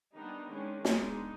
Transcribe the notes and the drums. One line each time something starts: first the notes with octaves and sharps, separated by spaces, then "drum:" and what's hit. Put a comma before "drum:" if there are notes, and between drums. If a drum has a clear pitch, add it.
D#3 G3 B3 D4 D#4
D#3 G#3 C#4 D4
D#3 G#3 B3 D4 D#4, drum: snare